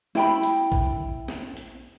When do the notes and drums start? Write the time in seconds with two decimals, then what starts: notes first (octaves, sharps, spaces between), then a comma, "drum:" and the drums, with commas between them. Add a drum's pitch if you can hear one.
0.15 E4 G5 B5, drum: snare
0.43 drum: hi-hat
0.72 drum: kick
1.28 drum: snare
1.57 drum: hi-hat